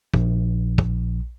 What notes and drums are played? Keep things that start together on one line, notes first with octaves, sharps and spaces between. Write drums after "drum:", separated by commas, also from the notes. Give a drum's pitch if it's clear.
A#1, drum: kick
drum: kick